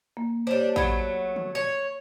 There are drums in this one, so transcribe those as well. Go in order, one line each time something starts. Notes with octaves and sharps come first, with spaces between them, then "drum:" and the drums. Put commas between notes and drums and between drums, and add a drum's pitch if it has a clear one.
A#3
G3 D4 C5 C#5
F#3 A3 B5 G#6, drum: kick A1
drum: tom
C#5